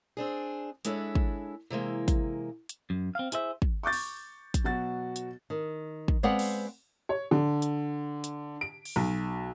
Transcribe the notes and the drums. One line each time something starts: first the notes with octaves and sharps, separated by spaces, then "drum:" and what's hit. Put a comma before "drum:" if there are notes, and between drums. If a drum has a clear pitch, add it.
C4 D4 G#4
G#3 D4 E4 A4 C#5, drum: hi-hat
drum: kick
C3 E3 G#3 A#3
drum: kick, hi-hat
drum: hi-hat
F#2
C4 F5
E4 G#4 C5 E5, drum: hi-hat
drum: kick
C#6 D6 G6 A6
drum: open hi-hat
drum: kick, hi-hat
B2 F#3 F#4 A6
drum: hi-hat
D#3
drum: kick
G#3 B3 C4 D5 F5 F#5
drum: open hi-hat
C#5
D3
drum: hi-hat
drum: hi-hat
D7
drum: open hi-hat
B1